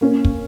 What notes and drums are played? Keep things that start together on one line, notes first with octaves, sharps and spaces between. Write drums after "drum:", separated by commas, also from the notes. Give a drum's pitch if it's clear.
A#3 C#4
drum: kick